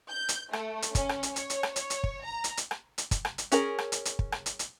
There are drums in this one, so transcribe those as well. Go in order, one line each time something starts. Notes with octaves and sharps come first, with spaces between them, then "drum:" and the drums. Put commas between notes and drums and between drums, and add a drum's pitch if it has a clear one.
G6
drum: hi-hat
A3, drum: rim click
drum: hi-hat
C#4, drum: kick, hi-hat
drum: rim click
drum: hi-hat
C#5, drum: hi-hat
drum: hi-hat
drum: rim click
C#5, drum: hi-hat
drum: hi-hat
drum: kick
A#5
drum: hi-hat
drum: hi-hat
drum: rim click
drum: hi-hat
drum: kick, hi-hat
drum: rim click
drum: hi-hat
C#4 G#4 A#4, drum: hi-hat
drum: rim click
drum: hi-hat
drum: hi-hat
drum: kick
drum: rim click
drum: hi-hat
drum: hi-hat